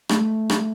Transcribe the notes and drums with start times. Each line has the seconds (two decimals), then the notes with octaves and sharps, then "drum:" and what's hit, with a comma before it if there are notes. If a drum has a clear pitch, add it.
0.09 A3, drum: rim click
0.50 drum: rim click